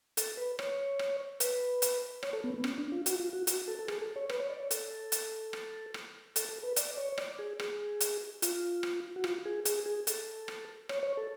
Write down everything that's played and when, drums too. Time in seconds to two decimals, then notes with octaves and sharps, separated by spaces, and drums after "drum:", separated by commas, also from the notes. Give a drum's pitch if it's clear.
0.17 A4, drum: hi-hat
0.37 B4
0.59 C#5, drum: rim click
0.99 drum: rim click
1.40 B4, drum: hi-hat
1.82 drum: hi-hat
2.23 C#5, drum: rim click
2.33 A4
2.44 B3
2.54 B3
2.64 C#4, drum: rim click
2.78 D4
2.92 F4
3.06 F#4, drum: hi-hat
3.20 F4
3.33 F#4
3.47 F#4, drum: hi-hat
3.68 A4
3.79 A4
3.88 G#4, drum: rim click
4.01 A4
4.16 C#5
4.29 B4, drum: rim click
4.40 C#5
4.50 D5
4.60 C#5
4.71 A4, drum: hi-hat
5.12 drum: hi-hat
5.53 drum: rim click
5.94 drum: rim click
6.36 A4, drum: hi-hat
6.49 A4
6.63 B4
6.76 D5, drum: hi-hat
6.98 C#5
7.12 C#5
7.18 D5, drum: rim click
7.39 G#4
7.60 G#4, drum: rim click
8.00 drum: hi-hat
8.42 F4, drum: hi-hat
8.83 drum: rim click
9.16 F#4
9.24 F4, drum: rim click
9.45 G#4
9.65 G#4, drum: hi-hat
9.86 G#4
10.07 A4, drum: hi-hat
10.48 drum: rim click
10.89 C#5, drum: rim click
11.03 C#5
11.17 A4